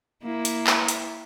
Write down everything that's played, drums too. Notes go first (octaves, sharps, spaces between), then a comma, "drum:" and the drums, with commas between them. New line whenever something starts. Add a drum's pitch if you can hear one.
A#3 E4
drum: hi-hat
drum: clap
drum: hi-hat